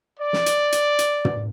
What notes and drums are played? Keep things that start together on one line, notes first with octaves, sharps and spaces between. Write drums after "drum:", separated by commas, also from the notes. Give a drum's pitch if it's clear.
D5
drum: snare
drum: hi-hat
drum: hi-hat
drum: hi-hat
drum: tom